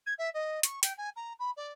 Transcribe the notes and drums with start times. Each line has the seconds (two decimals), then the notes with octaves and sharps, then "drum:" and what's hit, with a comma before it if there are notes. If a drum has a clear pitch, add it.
0.06 G#6
0.18 E5
0.34 D#5
0.63 C#6, drum: hi-hat
0.83 G5, drum: hi-hat
0.98 G#5
1.16 A#5
1.39 B5
1.57 D5